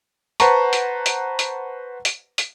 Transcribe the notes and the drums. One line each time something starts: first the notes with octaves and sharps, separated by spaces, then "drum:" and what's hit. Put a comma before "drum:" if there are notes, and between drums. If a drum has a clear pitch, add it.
B4 C5 F#5 A5 A#5 C#6, drum: hi-hat
drum: hi-hat
drum: hi-hat
drum: hi-hat
drum: hi-hat
drum: hi-hat